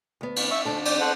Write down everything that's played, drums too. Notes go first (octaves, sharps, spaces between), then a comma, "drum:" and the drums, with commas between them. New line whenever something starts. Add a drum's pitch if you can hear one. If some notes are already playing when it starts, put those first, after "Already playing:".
D2 B3
drum: cymbal
E5 C#6
D2 D4 A4 C5
D5, drum: cymbal
A4 C5 F#5